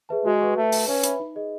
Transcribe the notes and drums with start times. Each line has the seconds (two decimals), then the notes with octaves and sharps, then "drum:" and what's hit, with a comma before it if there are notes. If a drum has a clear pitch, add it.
0.09 G#4 B4 E5 A5
0.25 G#3 F#4
0.40 B4 F#5 C#6
0.56 A3 B4
0.72 E5 A5, drum: open hi-hat
0.88 C#4 B4
1.03 E5 B5, drum: hi-hat
1.20 D#4
1.36 G#4 D#5